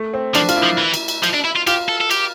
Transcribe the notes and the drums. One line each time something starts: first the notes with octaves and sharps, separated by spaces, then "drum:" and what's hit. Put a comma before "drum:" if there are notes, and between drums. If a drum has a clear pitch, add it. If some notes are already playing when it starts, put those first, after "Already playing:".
Already playing: A3
C4
F3 D4, drum: cymbal
F4, drum: cymbal
E4
F3
E3
drum: cymbal
drum: cymbal
F3, drum: cymbal
D4
E4
F4
F4 G4, drum: cymbal
A4
A4
G4, drum: cymbal